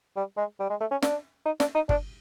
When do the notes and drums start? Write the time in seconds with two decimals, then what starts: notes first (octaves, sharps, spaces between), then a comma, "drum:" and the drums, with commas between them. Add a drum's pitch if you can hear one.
0.16 G3
0.37 G#3
0.60 G3
0.70 G#3
0.81 A3
0.91 C#4
1.02 D4, drum: snare
1.46 D#4
1.60 D4, drum: snare
1.75 D#4
1.89 D4, drum: kick